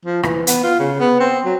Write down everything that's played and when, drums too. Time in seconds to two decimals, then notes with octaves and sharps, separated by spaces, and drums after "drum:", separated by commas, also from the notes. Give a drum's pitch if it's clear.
0.05 F3
0.23 E3, drum: rim click
0.47 B3, drum: hi-hat
0.64 F4
0.79 C#3
1.00 B3
1.20 C4
1.45 F#3